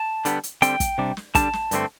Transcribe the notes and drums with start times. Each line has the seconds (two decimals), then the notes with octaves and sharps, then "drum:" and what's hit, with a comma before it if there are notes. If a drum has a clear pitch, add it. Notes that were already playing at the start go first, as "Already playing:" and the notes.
Already playing: A5
0.25 D3 G3 B3 D4, drum: hi-hat
0.43 drum: hi-hat
0.62 D3 G3 C4 G5, drum: hi-hat
0.80 drum: kick, hi-hat
0.98 C3 G3 D4
1.17 drum: snare
1.35 D3 G3 D4 A5, drum: kick, hi-hat
1.53 drum: snare
1.71 G2 D3 A3 C4, drum: hi-hat